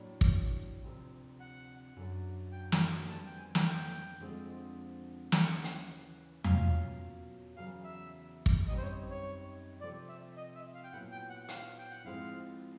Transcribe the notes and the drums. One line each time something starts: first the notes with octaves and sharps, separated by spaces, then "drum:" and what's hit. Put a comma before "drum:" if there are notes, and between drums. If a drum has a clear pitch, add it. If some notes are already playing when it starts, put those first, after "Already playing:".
Already playing: A2 F#3 A#3 D4
drum: kick
D2 C3 F3
F#5
F#2 D3 F#3
G5
drum: snare
F2 D3 G3 B3 A5
G5
G#5
F#5, drum: snare
G5
F2 D3 F3 G#3 C4
D#2 C#3 E3 F#5, drum: snare
drum: hi-hat
B2 F#3 A#3 C#4 F4 F5, drum: tom E2
E2 C#3 F#3 F5
E5
drum: kick
F#2 D#3 G3 C4 D#4 D#5
C5
C#5
C#5
C3 F3 A3 D5
E5
D#5
E5
F5
G5
A#2 F#3 B3 E4 F#5
G5
F#5
F#5
F5, drum: hi-hat
G5
F#5
A2 F3 G#3 C4 E4 F5